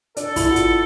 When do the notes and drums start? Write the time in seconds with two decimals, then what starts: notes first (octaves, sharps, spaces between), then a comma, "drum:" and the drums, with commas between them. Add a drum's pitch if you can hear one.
0.17 D4 A4, drum: hi-hat
0.36 E4, drum: kick, open hi-hat
0.51 F#4
0.56 F4, drum: hi-hat